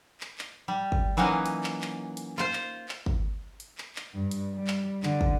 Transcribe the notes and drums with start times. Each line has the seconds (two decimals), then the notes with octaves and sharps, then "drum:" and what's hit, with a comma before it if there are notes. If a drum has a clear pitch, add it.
0.21 drum: clap
0.38 drum: clap
0.68 G3
0.92 drum: kick
1.17 E3 F#3 A#3 C#4 D#4
1.46 drum: hi-hat
1.63 drum: clap
1.81 drum: clap
2.17 drum: hi-hat
2.38 F4 C5, drum: clap
2.53 drum: clap
2.89 drum: clap
3.06 drum: kick
3.60 drum: hi-hat
3.78 drum: clap
3.96 drum: clap
4.14 G2
4.31 drum: hi-hat
4.54 G3
4.67 drum: clap
5.03 D3, drum: clap
5.21 drum: kick